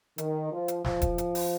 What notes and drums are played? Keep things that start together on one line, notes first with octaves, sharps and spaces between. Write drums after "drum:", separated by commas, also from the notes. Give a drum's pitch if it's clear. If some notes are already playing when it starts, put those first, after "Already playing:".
D#3, drum: hi-hat
F3
drum: hi-hat
F3, drum: snare
drum: kick E1, hi-hat
drum: hi-hat
drum: open hi-hat